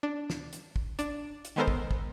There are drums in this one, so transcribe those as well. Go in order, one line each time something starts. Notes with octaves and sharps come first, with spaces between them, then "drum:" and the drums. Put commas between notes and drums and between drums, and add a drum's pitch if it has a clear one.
D4
drum: snare
drum: hi-hat
drum: kick
D4, drum: hi-hat
drum: hi-hat
D#3 G#3 B3 A4 A#4 C5
drum: kick
drum: kick